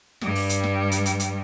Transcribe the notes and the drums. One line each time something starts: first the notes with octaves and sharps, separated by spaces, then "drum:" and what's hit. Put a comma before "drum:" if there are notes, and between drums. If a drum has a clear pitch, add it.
G2 G3, drum: snare
drum: open hi-hat
drum: hi-hat
drum: snare
drum: hi-hat
drum: hi-hat
drum: hi-hat